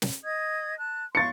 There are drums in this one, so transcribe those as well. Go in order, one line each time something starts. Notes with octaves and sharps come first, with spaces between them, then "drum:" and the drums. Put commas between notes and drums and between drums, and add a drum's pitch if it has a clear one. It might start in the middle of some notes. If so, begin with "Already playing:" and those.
drum: snare
D#5 D#6 G#6
A5 F#6
F5 C6 C#6 A6 C#7